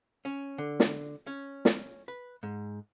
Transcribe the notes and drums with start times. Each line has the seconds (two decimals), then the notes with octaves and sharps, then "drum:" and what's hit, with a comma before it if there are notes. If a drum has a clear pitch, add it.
0.25 C#4
0.58 D3
0.80 drum: snare
1.27 C#4
1.65 drum: snare
2.08 B4
2.43 G#2